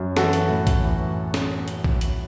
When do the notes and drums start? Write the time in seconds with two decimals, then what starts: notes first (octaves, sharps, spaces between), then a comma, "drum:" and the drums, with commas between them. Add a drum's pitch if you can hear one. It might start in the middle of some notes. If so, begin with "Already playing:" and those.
Already playing: F#2
0.16 E3 F#4 A4, drum: snare
0.33 drum: hi-hat
0.49 A2
0.67 drum: kick A#1, hi-hat
0.84 E3
1.34 drum: snare
1.68 drum: hi-hat
1.84 drum: kick A#1
2.01 drum: hi-hat